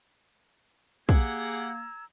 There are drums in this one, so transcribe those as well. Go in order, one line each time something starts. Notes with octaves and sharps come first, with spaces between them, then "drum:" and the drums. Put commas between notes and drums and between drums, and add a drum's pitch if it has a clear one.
A#3 G4 G#4 F#5 A#5 E6 G#6, drum: kick